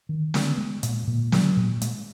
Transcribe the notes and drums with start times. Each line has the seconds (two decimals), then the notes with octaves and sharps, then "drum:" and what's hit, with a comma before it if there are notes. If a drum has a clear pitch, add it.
0.09 D#3
0.34 B3, drum: snare
0.58 G#3
0.83 A#2, drum: hi-hat
1.07 A#2
1.32 F#3, drum: snare
1.57 A#2
1.82 G#3, drum: hi-hat